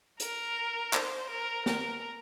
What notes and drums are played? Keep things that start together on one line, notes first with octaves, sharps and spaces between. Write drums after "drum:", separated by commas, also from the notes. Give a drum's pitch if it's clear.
A#4, drum: hi-hat
C5, drum: clap
A#4
A#4, drum: snare